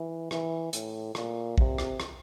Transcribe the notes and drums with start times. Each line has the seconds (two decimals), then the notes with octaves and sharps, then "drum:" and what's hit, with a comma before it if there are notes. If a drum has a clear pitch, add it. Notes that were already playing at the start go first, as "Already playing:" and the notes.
Already playing: E3
0.31 E3, drum: rim click
0.73 A2, drum: hi-hat
1.15 A#2, drum: rim click
1.58 C3, drum: kick
1.78 drum: rim click
2.00 drum: rim click